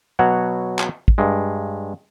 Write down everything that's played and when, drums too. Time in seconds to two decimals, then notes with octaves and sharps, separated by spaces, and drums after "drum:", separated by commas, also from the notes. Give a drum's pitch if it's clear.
0.19 B2 F#3 F#4 C#5 F#5
0.79 drum: clap
1.08 drum: kick
1.18 G2 G#3